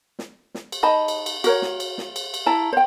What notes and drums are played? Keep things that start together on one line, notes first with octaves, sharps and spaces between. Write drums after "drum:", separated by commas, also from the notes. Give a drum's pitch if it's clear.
drum: snare
drum: snare
drum: cymbal
D#4 D#5 A5 B5
drum: cymbal
drum: cymbal
F#4 A#4 C#5, drum: cymbal
drum: snare
drum: cymbal
drum: snare
drum: cymbal
drum: cymbal
E4 A5 A#5
C5 G5